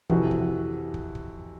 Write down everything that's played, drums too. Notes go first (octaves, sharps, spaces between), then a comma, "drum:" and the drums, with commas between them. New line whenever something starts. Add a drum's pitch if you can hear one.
F2 C3 E3 F#4, drum: kick
drum: kick
drum: kick
drum: kick